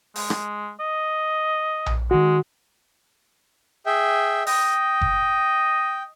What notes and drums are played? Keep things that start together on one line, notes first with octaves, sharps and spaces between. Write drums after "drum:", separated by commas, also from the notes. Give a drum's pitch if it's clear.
G#3, drum: open hi-hat
drum: rim click
D#5
drum: tom A#1
D#3 G#3 F#4
G#4 E5 G5
D#5 G5, drum: open hi-hat
drum: kick F#1